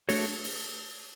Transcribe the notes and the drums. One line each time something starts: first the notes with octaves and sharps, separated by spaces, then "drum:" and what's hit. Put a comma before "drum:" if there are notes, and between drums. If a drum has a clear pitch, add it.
A3 D4 F#4 A4 C#5, drum: open hi-hat
drum: open hi-hat